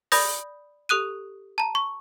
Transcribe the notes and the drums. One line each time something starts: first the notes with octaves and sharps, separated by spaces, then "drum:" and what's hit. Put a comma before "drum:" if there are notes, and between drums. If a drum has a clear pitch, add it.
D5 B5 D#6 G6 A#6, drum: open hi-hat
G4 A4 D#6 F#6 D#7
A5 A#5
C#6